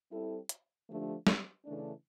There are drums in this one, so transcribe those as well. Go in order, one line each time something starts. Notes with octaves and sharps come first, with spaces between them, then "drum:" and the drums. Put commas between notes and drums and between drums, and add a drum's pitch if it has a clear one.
G3 C4 E4 A4
drum: hi-hat
D3 F3 A3 D4 G4
drum: snare
C#3 E3 A3 D4